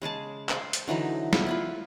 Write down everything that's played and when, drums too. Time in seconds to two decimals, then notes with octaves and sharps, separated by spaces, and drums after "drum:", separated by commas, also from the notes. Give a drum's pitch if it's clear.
0.02 C#3 G#3 G#4 A5
0.49 C5, drum: clap
0.73 drum: hi-hat
0.88 D3 E3 F#3 D#4
1.33 B3 E4 F4, drum: snare
1.46 E4 F4 B4